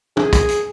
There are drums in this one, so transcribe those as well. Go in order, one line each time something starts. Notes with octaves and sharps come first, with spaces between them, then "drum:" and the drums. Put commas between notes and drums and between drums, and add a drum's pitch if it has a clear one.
G#4, drum: tom
drum: kick, hi-hat
drum: hi-hat